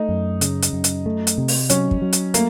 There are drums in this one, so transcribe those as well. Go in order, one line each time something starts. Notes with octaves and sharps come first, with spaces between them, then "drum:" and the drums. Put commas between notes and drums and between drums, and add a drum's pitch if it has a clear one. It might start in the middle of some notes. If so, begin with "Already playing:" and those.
Already playing: A3 D#4
F#2
C#3, drum: hi-hat
drum: hi-hat
F#2
drum: hi-hat
A3
drum: hi-hat
C3
drum: open hi-hat
F#3 C#4, drum: hi-hat
drum: kick
F#3
drum: hi-hat
A3 A#3, drum: hi-hat